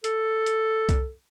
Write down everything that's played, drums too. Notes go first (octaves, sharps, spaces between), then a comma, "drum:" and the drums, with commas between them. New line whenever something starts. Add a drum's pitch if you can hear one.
A4, drum: hi-hat
drum: hi-hat
drum: kick C2, hi-hat